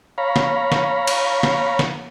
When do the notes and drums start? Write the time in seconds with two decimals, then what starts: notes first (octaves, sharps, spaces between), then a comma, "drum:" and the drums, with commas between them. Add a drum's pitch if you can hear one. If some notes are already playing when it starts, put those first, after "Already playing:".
0.18 C#5 F5 A#5 B5
0.36 drum: snare
0.72 drum: snare
1.07 drum: cymbal
1.43 drum: snare
1.79 drum: snare